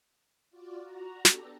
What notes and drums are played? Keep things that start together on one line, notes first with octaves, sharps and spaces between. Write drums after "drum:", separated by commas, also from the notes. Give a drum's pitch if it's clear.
F4 F#4 D5
F#4 A#5
B3 D4 G4 A4, drum: snare